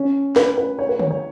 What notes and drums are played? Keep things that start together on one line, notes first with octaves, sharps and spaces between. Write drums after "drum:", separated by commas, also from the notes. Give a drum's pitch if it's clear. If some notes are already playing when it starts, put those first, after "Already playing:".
Already playing: C#4
B4, drum: snare
B4
C#5
B4
C#5, drum: tom D3
C#5